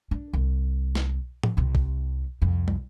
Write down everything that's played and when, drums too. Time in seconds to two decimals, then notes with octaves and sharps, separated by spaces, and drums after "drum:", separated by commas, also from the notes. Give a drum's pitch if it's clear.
0.11 D4
0.33 C2
0.95 drum: snare
1.43 drum: tom A2
1.57 C2 C3
1.75 drum: kick
2.42 C2 F2
2.68 drum: tom